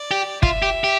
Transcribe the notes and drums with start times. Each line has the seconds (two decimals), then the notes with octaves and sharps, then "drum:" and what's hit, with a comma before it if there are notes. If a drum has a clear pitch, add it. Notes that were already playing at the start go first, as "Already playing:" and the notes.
Already playing: D5
0.11 G4
0.43 F4 E5, drum: kick
0.62 G4
0.84 G4